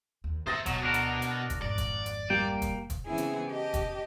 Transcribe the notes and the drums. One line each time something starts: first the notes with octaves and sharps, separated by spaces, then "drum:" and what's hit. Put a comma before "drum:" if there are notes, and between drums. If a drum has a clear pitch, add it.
D#2
D2 C5 E5 D#6 A6 A#6
B2 F#3, drum: kick, hi-hat
D4 F#4 A#4
drum: hi-hat
drum: hi-hat
drum: kick, hi-hat
G#1 F2 D5
drum: kick, hi-hat
drum: hi-hat
G3 A#3 G5
drum: kick, hi-hat
drum: kick, hi-hat
C#3 E3 B3 C4 E4 G#4
drum: hi-hat
G4 D#5 A5
drum: kick, hi-hat